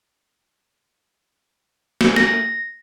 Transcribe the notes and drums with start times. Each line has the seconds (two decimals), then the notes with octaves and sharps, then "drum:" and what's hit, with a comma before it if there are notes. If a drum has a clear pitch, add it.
2.01 drum: snare
2.16 A#6, drum: snare